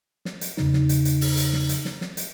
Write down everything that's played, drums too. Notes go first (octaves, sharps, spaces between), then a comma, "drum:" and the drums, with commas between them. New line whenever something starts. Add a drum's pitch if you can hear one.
drum: snare
drum: hi-hat
E2 C#3 D#4, drum: snare
drum: snare
drum: hi-hat
drum: hi-hat
drum: open hi-hat
drum: hi-hat
drum: snare
drum: hi-hat
drum: snare
drum: snare
drum: hi-hat